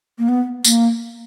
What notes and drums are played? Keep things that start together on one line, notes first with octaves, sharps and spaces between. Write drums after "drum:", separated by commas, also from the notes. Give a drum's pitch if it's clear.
A#3
B3
A#3, drum: tambourine